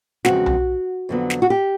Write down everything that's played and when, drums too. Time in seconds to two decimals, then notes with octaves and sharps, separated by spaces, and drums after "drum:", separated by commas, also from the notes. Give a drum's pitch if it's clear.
0.25 E2 C#3 F3 G#3 C4 F#4, drum: snare
0.46 drum: tom B1
1.09 F2 D3 F#3 B3
1.30 drum: snare
1.42 F#4
1.50 G4